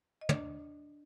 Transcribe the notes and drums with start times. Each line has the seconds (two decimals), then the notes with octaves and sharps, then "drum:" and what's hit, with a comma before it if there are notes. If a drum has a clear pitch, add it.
0.21 D#5
0.29 D4 D5, drum: tom